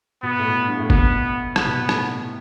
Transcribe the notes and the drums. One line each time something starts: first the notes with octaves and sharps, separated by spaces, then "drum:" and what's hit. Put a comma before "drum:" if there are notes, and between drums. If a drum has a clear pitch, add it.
B2 B3
A2
B2
G2
A2
B2 B3, drum: kick G1
C3 B3, drum: rim click
B2
B2
A2, drum: rim click